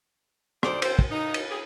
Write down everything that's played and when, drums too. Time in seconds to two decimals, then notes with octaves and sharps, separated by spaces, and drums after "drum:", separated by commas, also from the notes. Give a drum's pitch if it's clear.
0.63 D2 D#4 C5 D5, drum: rim click
0.82 C4 A4 C5, drum: cymbal
0.99 drum: kick
1.11 D#4
1.34 drum: cymbal
1.50 G4 G#4